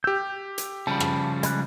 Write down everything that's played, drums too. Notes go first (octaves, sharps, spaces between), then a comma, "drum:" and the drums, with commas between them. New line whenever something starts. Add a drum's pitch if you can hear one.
G4 E6 G6
drum: hi-hat
C#3 F3 G3 A5 B5
drum: rim click
G#3 B5 F#6, drum: hi-hat